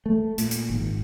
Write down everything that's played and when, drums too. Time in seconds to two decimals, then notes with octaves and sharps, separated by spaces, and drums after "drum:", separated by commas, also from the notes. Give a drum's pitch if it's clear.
0.06 A3
0.38 A#2, drum: hi-hat
0.51 drum: hi-hat
0.70 G#1